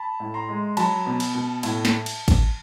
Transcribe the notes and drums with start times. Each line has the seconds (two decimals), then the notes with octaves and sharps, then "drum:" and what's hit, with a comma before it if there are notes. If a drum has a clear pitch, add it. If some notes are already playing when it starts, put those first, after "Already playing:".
Already playing: A5 B5
0.20 A2
0.34 A#5 C6
0.48 G#3
0.77 F#3 A5 B5, drum: cymbal
1.06 B2
1.20 drum: cymbal
1.35 B2
1.63 A2, drum: cymbal
1.85 drum: snare
2.06 drum: cymbal
2.28 drum: kick, cymbal